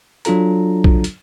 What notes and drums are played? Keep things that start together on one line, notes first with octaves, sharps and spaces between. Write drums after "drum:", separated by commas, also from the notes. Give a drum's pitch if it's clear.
F#3 D4 F4 A4 A#5, drum: hi-hat
drum: kick A#1
drum: hi-hat